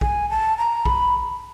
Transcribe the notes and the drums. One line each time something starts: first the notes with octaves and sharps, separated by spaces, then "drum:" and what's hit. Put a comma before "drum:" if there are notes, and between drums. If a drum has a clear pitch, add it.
G#5, drum: kick
A5
A#5
B5, drum: kick